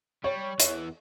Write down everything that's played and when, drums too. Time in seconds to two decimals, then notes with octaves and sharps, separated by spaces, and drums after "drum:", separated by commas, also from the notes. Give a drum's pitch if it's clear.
0.24 G3 C#5
0.60 E2 E3, drum: hi-hat